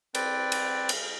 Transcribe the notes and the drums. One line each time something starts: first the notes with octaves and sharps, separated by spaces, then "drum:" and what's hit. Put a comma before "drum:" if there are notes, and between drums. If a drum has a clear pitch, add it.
C4 B4 D5 G5, drum: cymbal
drum: cymbal
drum: cymbal